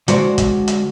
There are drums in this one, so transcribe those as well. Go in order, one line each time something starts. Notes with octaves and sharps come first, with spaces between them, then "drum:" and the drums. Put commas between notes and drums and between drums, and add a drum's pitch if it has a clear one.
D3 G#3 F#4 C5 D5, drum: hi-hat
drum: kick, hi-hat
drum: hi-hat